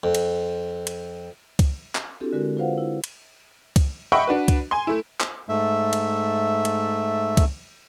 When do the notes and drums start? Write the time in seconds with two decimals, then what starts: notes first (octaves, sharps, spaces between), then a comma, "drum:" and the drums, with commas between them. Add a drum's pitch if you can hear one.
0.04 F2
0.15 drum: cymbal
0.87 drum: cymbal
1.59 drum: kick C#2, cymbal
1.95 drum: clap
2.20 C4 D4 E4 F#4 G4 A4
2.33 D3 G#3 F#4 A#4
2.57 F4 B4 C5 F5 F#5
2.78 E4
3.04 drum: cymbal
3.76 drum: kick C#2, cymbal
4.12 D#5 E5 F#5 G5 B5 C#6
4.27 D4 F#4 B4
4.48 drum: kick C#2, cymbal
4.71 G#5 C6
4.87 A3 E4
5.20 drum: clap
5.49 G#2 A3 E5
5.93 drum: cymbal
6.65 drum: cymbal
7.37 drum: kick C#2, cymbal